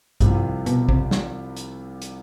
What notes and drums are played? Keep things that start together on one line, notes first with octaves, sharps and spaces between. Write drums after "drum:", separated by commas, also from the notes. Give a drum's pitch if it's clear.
C2 G2 C3 F3, drum: kick, hi-hat
B2, drum: hi-hat
C3, drum: kick
drum: snare
drum: hi-hat
drum: hi-hat